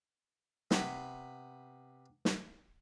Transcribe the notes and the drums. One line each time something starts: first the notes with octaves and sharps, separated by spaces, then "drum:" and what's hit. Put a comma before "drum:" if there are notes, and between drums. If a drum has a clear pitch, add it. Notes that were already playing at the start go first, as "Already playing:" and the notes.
C3 B3 B5, drum: snare
drum: snare